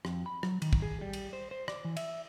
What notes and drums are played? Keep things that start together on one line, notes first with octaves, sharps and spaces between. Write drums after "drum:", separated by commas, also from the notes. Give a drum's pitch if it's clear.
F2, drum: rim click
B5
F#3, drum: rim click
D#3, drum: cymbal
drum: kick
G#4
G3
drum: cymbal
C5
C5
D5, drum: rim click
E3
E5, drum: cymbal